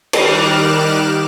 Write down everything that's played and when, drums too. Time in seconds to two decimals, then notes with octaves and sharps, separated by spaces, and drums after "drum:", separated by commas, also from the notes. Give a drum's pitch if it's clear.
0.13 D#3 G3 D6 F6 F#6 E7, drum: cymbal